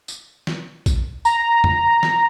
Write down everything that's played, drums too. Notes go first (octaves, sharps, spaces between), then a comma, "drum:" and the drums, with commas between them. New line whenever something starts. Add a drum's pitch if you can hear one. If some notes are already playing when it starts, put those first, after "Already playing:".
drum: tambourine
drum: snare
drum: kick, tambourine
A#5, drum: tambourine
drum: tom F2
drum: snare